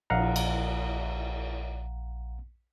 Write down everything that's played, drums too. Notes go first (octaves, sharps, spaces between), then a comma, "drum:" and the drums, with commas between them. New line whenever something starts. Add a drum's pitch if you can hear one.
A#1 F5 F#5 A#5, drum: cymbal
drum: cymbal